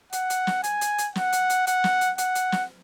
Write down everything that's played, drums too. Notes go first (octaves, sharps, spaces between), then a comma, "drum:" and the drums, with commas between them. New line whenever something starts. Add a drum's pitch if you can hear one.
F#5, drum: hi-hat
drum: hi-hat
drum: snare
G#5, drum: hi-hat
drum: hi-hat
drum: hi-hat
F#5, drum: snare
drum: hi-hat
drum: hi-hat
F#5, drum: hi-hat
drum: snare
drum: hi-hat
F#5, drum: hi-hat
drum: hi-hat
drum: snare